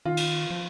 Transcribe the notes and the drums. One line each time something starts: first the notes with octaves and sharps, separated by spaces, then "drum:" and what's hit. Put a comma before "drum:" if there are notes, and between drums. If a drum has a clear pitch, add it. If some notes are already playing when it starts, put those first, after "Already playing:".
D#3 F4
drum: cymbal
F3